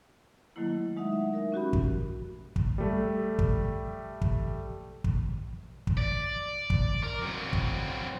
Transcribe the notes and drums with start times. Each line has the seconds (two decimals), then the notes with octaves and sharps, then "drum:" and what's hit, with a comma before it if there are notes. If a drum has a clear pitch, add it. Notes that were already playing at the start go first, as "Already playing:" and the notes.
0.56 D#3 F#3 A3 A#3 E4
0.97 G#3 D#4 E5 F#5
1.12 E5
1.32 D#4 A#4 E5
1.52 C#4 F#4 G4 B5
1.73 drum: kick
2.56 drum: kick
2.78 G3 A3
3.39 drum: kick
4.21 drum: kick
5.04 drum: kick
5.87 drum: kick
5.98 D5
6.70 drum: kick
7.03 A#4
7.22 F#3 C4
7.53 drum: kick